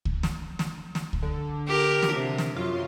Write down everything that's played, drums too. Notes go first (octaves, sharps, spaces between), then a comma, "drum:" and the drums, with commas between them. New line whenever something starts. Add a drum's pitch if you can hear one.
drum: kick C#2
drum: snare
drum: snare
drum: snare
drum: kick C#2
D3
G4 A#4
drum: snare
C3
drum: snare
F#2 F4